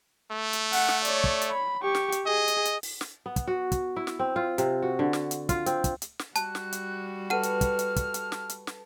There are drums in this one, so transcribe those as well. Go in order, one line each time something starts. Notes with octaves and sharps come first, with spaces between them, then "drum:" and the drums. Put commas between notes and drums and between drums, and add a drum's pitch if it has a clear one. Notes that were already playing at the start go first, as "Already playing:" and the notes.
A3
drum: hi-hat
F#5, drum: open hi-hat
drum: snare
C#5 D5, drum: hi-hat
drum: kick
drum: hi-hat
B5
G4 C#6
drum: snare
drum: hi-hat
G#4 D#5
drum: hi-hat
drum: hi-hat
drum: open hi-hat
drum: snare
B3
drum: kick, hi-hat
F#4
drum: kick, hi-hat
E4
drum: snare
C4
F4
C3, drum: hi-hat
F#4
D3
drum: snare
drum: hi-hat
F4, drum: kick, hi-hat
C4, drum: hi-hat
drum: kick, hi-hat
drum: hi-hat
drum: snare
G3 F#4 A5 F#6, drum: hi-hat
drum: snare
drum: hi-hat
A4 B4 F#5 F6 D#7
drum: hi-hat
drum: kick, hi-hat
drum: hi-hat
drum: kick, hi-hat
drum: hi-hat
drum: snare
drum: hi-hat
drum: snare